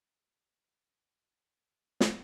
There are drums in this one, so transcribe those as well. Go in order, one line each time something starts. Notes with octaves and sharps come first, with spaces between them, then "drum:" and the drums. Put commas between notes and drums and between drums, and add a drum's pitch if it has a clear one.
A#1 C7 C#7
D2 B2 F#3 G#6 A#6 F7
D#2 A2 G7
drum: snare